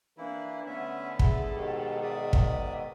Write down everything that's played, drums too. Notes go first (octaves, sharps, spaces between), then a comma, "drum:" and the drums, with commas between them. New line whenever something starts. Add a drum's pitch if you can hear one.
E3 A#3 D4 E4
D3 A3 B3 C#4 E5
E4 G#4 A4, drum: kick
G#2 B2 D#3 F#3 G4
D5 E5 D#6
drum: kick